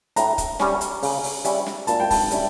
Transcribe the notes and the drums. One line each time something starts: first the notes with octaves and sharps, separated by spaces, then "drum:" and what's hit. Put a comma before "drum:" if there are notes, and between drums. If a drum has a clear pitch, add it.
A2 A#5, drum: hi-hat
drum: kick C#1, hi-hat
G3 C#4, drum: snare
drum: hi-hat
C#3, drum: open hi-hat
drum: open hi-hat
G3 C#4 E4, drum: hi-hat
drum: snare
A#2 A5, drum: hi-hat
G5
A5, drum: kick C#1, open hi-hat
G3 C#4 E4, drum: hi-hat